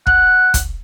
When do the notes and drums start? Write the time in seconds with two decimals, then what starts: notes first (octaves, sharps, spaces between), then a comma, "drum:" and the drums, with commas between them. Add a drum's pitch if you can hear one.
0.07 F#5, drum: kick
0.54 drum: kick, hi-hat